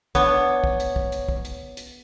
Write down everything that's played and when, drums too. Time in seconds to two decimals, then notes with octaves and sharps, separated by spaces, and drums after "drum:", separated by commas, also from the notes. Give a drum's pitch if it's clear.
0.15 B3 D4 C#5, drum: kick, hi-hat
0.64 drum: kick
0.80 drum: hi-hat
0.96 drum: kick
1.12 drum: hi-hat
1.29 drum: kick
1.45 drum: hi-hat
1.77 drum: hi-hat